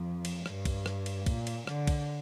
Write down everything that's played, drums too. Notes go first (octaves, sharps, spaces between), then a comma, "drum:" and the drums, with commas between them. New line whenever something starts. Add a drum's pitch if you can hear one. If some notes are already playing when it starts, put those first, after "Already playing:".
Already playing: F2
drum: cymbal
G2, drum: rim click
drum: kick, cymbal
drum: rim click
drum: cymbal
A#2, drum: kick, cymbal
drum: cymbal
D3, drum: rim click
drum: kick, cymbal